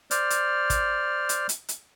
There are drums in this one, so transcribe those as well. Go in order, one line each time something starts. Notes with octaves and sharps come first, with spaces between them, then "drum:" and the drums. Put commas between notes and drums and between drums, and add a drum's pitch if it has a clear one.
C5 D5 F6, drum: hi-hat
drum: hi-hat
drum: kick, hi-hat
drum: hi-hat
drum: hi-hat
drum: hi-hat